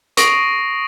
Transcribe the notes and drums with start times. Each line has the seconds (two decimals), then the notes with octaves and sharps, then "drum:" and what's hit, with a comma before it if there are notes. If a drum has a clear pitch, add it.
0.17 C#6 D#6 A#6 C7 D7 F#7, drum: hi-hat